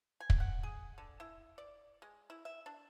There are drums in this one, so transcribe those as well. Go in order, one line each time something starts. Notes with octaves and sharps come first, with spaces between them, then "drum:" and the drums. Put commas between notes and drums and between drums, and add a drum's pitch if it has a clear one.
G#5
drum: kick
F#5
G#4
D3
E4
D5
G#3
E4
E5
D4